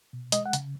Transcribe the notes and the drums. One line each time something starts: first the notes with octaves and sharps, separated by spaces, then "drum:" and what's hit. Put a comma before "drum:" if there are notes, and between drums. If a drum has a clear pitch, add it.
B2
G#3 D#5, drum: hi-hat
F#5
C#3, drum: hi-hat